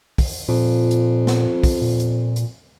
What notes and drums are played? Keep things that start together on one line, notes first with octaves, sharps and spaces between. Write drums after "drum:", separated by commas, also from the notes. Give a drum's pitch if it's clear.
drum: kick, open hi-hat
F2 A#2
drum: hi-hat
drum: snare
drum: kick, open hi-hat
A#2
drum: hi-hat
drum: hi-hat